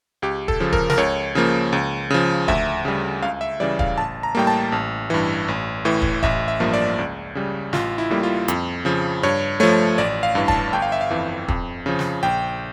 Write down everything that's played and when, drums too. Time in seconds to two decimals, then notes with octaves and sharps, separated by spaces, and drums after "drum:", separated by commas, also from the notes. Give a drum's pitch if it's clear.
0.22 C#2 G4
0.48 A4, drum: kick
0.60 C#3 F3
0.73 A#4, drum: kick
0.90 A#4, drum: snare
0.97 C#2 C#5
1.35 C#3 F3 A#3
1.73 C#2
2.10 C#3 F3
2.48 D2 E5, drum: kick
2.85 C#3 G3
3.23 C#2 F5
3.41 E5
3.60 C#3 E3 G3 D5
3.79 F5, drum: kick
3.98 A1 A5
4.23 A#5
4.35 A2 G3 A#3 G5
4.47 A5
4.72 A1
5.10 G2 E3
5.48 A1
5.85 A2 E3
6.02 drum: kick
6.23 A1 E5, drum: kick
6.48 E5
6.60 G2 F3 A#3
6.73 D5
6.98 C#2
7.35 C#3 G3
7.73 A1 F4, drum: snare
7.98 E4
8.10 A2 G3 A#3
8.23 F4
8.48 F2, drum: hi-hat
8.85 C#3 F3
9.23 G2 C#5
9.60 F3 A3 C#5
9.98 A1 D5
10.23 F5
10.35 G2 E3
10.48 A5, drum: kick
10.73 G1 G5
10.82 F5
10.92 E5
11.01 F5
11.11 F2 E3
11.48 F2, drum: kick
11.86 C#3 F3
11.99 drum: snare
12.23 A#1 G5